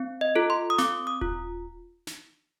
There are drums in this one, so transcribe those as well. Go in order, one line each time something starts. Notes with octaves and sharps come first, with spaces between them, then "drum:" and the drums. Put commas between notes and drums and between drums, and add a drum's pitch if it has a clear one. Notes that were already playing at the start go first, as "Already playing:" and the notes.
Already playing: C4
D#5
F4 A4
C6
D#6
C4 D6, drum: snare
D#6
F4, drum: kick D#1
drum: snare